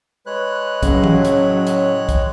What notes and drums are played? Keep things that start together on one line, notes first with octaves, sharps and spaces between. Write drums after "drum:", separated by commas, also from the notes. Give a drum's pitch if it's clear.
G#3 B4 C#5 F#6
A2 C#3 F#3, drum: kick, hi-hat
drum: tom E3
drum: hi-hat
drum: hi-hat
drum: kick, hi-hat